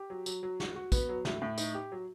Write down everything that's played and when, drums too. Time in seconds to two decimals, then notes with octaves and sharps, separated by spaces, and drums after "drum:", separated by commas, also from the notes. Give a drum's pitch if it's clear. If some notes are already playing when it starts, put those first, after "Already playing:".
Already playing: G4
0.10 F#3
0.26 F#3, drum: tambourine
0.43 F#3
0.60 F#4, drum: snare
0.76 F#4
0.92 B3, drum: kick, tambourine
1.09 F#3
1.25 A2, drum: snare
1.42 A2
1.58 D#4, drum: tambourine
1.75 G4
1.92 F#3